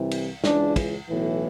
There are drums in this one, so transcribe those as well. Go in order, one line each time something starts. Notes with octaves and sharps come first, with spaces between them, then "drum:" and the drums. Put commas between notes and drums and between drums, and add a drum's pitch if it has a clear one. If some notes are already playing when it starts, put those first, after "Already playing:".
Already playing: C2 C3 E3
drum: cymbal
C#2 C#3 E3 D4, drum: snare
drum: kick, cymbal
B1 A2 E3